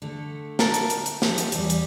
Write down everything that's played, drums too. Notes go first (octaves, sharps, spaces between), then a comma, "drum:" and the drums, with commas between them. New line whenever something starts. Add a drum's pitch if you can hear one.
D3 A3
A#4 A5, drum: snare
drum: hi-hat
drum: hi-hat
drum: hi-hat
F3 G4 G#4, drum: snare
drum: hi-hat
E2 G3, drum: hi-hat
drum: hi-hat